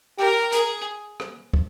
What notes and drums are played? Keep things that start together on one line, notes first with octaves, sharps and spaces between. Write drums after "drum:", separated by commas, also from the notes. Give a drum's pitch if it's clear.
G4 A#4
G#4 A#4, drum: hi-hat
drum: rim click
drum: kick